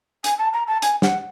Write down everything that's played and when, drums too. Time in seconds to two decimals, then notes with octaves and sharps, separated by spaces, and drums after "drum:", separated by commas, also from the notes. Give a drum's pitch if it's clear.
0.24 G#5, drum: hi-hat
0.39 A5
0.53 A#5
0.67 A5
0.82 G#5, drum: hi-hat
1.02 F#5, drum: snare